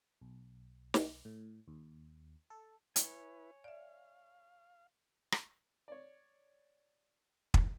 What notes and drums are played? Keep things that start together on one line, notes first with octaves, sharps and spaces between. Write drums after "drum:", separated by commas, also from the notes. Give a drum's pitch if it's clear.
B1
drum: snare
A2
D#2
A4
E4 B4 C#5 G#5, drum: hi-hat
D5 E5 F5
drum: rim click
C#5 D5
drum: kick